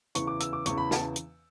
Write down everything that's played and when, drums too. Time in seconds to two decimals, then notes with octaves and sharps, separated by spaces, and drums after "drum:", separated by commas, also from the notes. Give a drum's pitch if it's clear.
0.15 E2 C#3 E3 C#6, drum: hi-hat
0.27 D6
0.40 E6, drum: hi-hat
0.53 D6
0.66 E2 C#3 E3 C#6, drum: hi-hat
0.78 B5
0.91 A5, drum: snare
1.16 drum: hi-hat